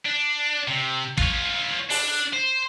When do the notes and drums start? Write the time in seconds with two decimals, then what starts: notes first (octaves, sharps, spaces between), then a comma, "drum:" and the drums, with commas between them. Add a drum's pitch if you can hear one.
0.05 D4
0.68 C3
1.18 F4 C#5, drum: kick
1.90 D4, drum: open hi-hat
2.33 C5